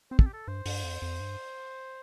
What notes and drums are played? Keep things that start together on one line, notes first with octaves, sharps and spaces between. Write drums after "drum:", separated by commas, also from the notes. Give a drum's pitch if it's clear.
C4 C5
A4, drum: kick
G4
A4
G2 C5
G2, drum: open hi-hat
F2
F2
G2